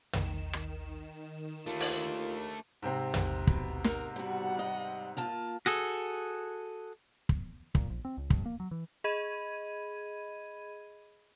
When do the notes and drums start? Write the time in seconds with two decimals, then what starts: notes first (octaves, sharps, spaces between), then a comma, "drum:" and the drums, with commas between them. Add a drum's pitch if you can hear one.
0.13 D#3 E7, drum: tom
0.53 drum: rim click
1.66 D#2 A3 D4 F4
1.80 drum: open hi-hat
2.82 G#2 C3 C4
3.14 drum: tom
3.47 B2, drum: kick
3.84 A#4, drum: snare
4.16 B2 G3 F#4 F#5
4.59 D#5
5.17 A#3 F4 A5
5.66 F#4 G#4 A4
7.29 drum: kick
7.75 A#2, drum: kick
7.90 A#1
8.05 C4
8.17 C#2
8.30 G2, drum: kick
8.46 A#3
8.60 F#3
8.71 E3
9.04 G#4 D#5 B5 G#6 D#7